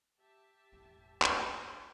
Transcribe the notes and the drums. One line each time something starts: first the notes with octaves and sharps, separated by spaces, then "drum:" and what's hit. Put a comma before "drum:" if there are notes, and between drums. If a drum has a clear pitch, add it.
G4 E5 A5
E1 A1 A2
drum: clap